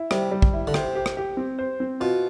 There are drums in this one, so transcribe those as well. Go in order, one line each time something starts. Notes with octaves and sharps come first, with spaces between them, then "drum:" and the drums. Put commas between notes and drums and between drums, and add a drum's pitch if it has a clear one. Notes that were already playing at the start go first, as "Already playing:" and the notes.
Already playing: E4
C3 G3, drum: rim click
G3
drum: kick
E4
D3
C3 C5, drum: rim click
G4
drum: rim click
G4
C4
C5
C4
B2 F4